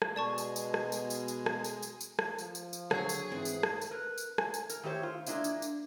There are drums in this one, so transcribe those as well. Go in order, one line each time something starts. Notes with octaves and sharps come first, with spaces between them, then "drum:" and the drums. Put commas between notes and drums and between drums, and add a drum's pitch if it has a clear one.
drum: rim click
B2 G#3 D5 A5 C#6
drum: tambourine
drum: tambourine
drum: rim click
drum: tambourine
drum: tambourine
drum: tambourine
drum: rim click
drum: tambourine
drum: tambourine
drum: tambourine
drum: rim click
F3, drum: tambourine
drum: tambourine
drum: tambourine
D3 F#3 G#4 C#5, drum: rim click
drum: tambourine
G#2 E3 C4
drum: tambourine
drum: rim click
drum: tambourine
A#4 B4
drum: tambourine
G#5, drum: rim click
drum: tambourine
A#4, drum: tambourine
D#3 A3 G4 C5 C#5
F4
G#3 A#3 D4 E4 F4, drum: tambourine
drum: tambourine
drum: tambourine